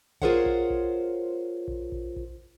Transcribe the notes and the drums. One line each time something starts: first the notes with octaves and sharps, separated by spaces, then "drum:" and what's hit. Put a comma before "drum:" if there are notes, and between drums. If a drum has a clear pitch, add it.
F4 G#4 A#4 C5 C#5 F#5, drum: kick A#1
drum: kick A#1
drum: kick A#1
drum: kick A#1
drum: kick A#1
drum: kick A#1